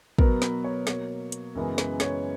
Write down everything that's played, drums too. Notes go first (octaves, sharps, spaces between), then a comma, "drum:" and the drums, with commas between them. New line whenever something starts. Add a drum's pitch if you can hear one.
B2 F#3 B3 A#4, drum: kick
B4, drum: snare
C#5
B2 F#3 A#3 C#5, drum: snare
drum: hi-hat
F#2 C#3 E3 G#3 B3 A#4
B4, drum: snare
C#5, drum: snare